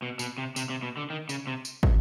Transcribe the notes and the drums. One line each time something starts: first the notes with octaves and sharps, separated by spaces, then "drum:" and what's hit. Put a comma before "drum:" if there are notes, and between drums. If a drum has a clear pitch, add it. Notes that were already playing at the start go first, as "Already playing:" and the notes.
B2
B2, drum: tambourine
C3
C3, drum: tambourine
C3
B2
D3
D#3
C#3, drum: tambourine
C3
drum: tambourine
drum: kick